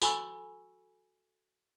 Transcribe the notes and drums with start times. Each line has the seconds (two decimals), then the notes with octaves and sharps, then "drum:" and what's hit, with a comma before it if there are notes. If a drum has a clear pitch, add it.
0.02 F#4 A4 G#5 B5 C#6 E6, drum: tambourine